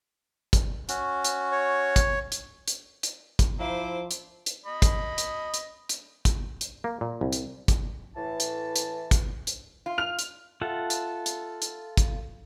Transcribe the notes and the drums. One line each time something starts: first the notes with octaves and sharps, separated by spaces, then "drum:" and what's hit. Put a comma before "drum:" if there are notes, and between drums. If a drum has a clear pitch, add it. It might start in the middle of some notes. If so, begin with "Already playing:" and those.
drum: kick, hi-hat
C#4 F#4, drum: hi-hat
drum: hi-hat
C#5
drum: kick, hi-hat
drum: hi-hat
drum: hi-hat
drum: hi-hat
drum: kick, hi-hat
F3 E4 C5 E5 F5 A#5 D6
drum: hi-hat
drum: hi-hat
D#5 B5
drum: kick, hi-hat
drum: hi-hat
drum: hi-hat
drum: hi-hat
drum: kick, hi-hat
drum: hi-hat
A#3
A#2
C2
drum: hi-hat
drum: kick, hi-hat
A2 E3 A5
drum: hi-hat
drum: hi-hat
drum: kick, hi-hat
drum: hi-hat
F4
F6 F7
drum: hi-hat
F4 A4 E5 F#5
drum: hi-hat
drum: hi-hat
drum: hi-hat
drum: kick, hi-hat